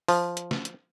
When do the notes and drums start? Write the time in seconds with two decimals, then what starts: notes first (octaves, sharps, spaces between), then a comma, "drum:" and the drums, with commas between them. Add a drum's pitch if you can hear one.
0.09 F3, drum: open hi-hat
0.37 drum: hi-hat
0.51 drum: snare
0.65 drum: hi-hat